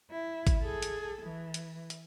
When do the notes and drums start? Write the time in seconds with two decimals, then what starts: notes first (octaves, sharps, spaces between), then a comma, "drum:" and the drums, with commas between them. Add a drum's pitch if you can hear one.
0.11 E4
0.47 drum: kick G#1, hi-hat
0.62 G#4 A4
0.82 drum: hi-hat
1.22 E3
1.54 drum: hi-hat
1.90 drum: hi-hat